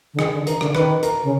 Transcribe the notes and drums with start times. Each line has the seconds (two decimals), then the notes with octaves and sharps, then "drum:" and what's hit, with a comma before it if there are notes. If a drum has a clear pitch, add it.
0.14 D3
0.19 D#3 G#4, drum: rim click
0.33 D3
0.47 D#3 A#4, drum: hi-hat
0.61 D3, drum: rim click
0.75 D#3 B4, drum: rim click
1.03 A#4, drum: hi-hat
1.23 C#3